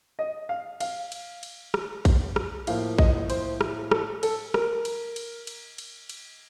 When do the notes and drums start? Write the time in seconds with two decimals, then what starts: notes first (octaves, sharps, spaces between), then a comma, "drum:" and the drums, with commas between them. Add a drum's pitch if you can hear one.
0.19 D#5
0.49 F5
0.81 F5, drum: cymbal
1.12 drum: cymbal
1.43 drum: cymbal
1.74 drum: rim click
2.05 drum: kick A#1, cymbal
2.36 drum: rim click
2.67 A2 F3 A#3 F5, drum: cymbal
2.98 D#5, drum: kick A#1
3.30 C5, drum: cymbal
3.61 drum: rim click
3.91 A4, drum: rim click
4.23 A4, drum: cymbal
4.54 A#4, drum: rim click
4.85 drum: cymbal
5.16 drum: cymbal
5.47 drum: cymbal
5.78 drum: cymbal
6.09 drum: cymbal